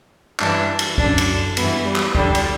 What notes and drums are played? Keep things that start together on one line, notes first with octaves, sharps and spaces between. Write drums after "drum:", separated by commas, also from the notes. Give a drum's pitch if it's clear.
G2 E3 D4, drum: clap
drum: cymbal
F#2 D3 D4, drum: kick
drum: cymbal
G2 E3 B3, drum: cymbal
G3
drum: clap
E2 D3 G3, drum: kick
drum: cymbal